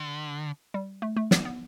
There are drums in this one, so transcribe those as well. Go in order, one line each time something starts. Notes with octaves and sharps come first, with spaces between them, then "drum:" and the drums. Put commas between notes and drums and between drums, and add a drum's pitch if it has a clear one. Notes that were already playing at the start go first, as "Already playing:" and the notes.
Already playing: D3
G3
A3
A3
B3, drum: snare
B3